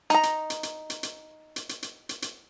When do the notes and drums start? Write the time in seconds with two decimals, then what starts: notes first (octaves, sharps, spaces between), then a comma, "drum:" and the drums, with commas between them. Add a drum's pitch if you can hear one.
0.10 D#4 A#5, drum: hi-hat
0.23 drum: hi-hat
0.50 drum: hi-hat
0.63 drum: hi-hat
0.90 drum: hi-hat
1.03 drum: hi-hat
1.56 drum: hi-hat
1.69 drum: hi-hat
1.83 drum: hi-hat
2.09 drum: hi-hat
2.22 drum: hi-hat